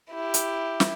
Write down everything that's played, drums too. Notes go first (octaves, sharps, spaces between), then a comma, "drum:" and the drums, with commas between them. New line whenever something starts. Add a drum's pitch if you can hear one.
E4 G4
drum: hi-hat
drum: snare